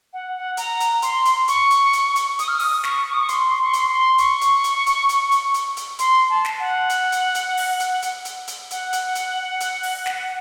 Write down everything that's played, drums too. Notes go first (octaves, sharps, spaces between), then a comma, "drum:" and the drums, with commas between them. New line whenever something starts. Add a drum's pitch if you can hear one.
F#5
F#5
A#5, drum: hi-hat
drum: hi-hat
C6, drum: hi-hat
drum: hi-hat
C#6, drum: hi-hat
drum: hi-hat
drum: hi-hat
drum: hi-hat
D#6, drum: hi-hat
F6
D#6, drum: open hi-hat
C#6, drum: snare
D#6
C#6
C6, drum: hi-hat
C6
C#6
C6, drum: hi-hat
C6
C#6, drum: hi-hat
drum: hi-hat
drum: hi-hat
drum: hi-hat
drum: hi-hat
drum: hi-hat
drum: hi-hat
drum: hi-hat
C6, drum: hi-hat
A5
drum: snare
F#5
drum: hi-hat
drum: hi-hat
drum: hi-hat
drum: open hi-hat
drum: hi-hat
drum: hi-hat
drum: hi-hat
drum: hi-hat
F#5, drum: hi-hat
drum: hi-hat
drum: hi-hat
drum: hi-hat
drum: open hi-hat
drum: snare